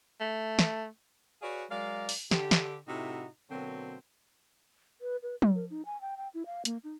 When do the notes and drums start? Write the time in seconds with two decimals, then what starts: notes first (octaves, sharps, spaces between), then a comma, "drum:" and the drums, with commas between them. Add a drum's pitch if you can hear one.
0.20 A3
0.59 drum: snare
1.42 F#4 G#4 B4 C#5 D5 F5
1.70 F#3 G#3 A#4 D5 F5
2.09 drum: open hi-hat
2.31 D3 G4, drum: snare
2.51 drum: snare
2.87 A2 C3 D#4 E4 F#4
3.51 B2 D3 F#3 A#3 C4
5.01 B4
5.23 B4
5.42 G#3, drum: tom
5.55 A#4
5.70 D#4
5.85 G#5
6.01 G5
6.17 G5
6.34 E4
6.46 F5
6.65 A#3, drum: hi-hat
6.84 D#4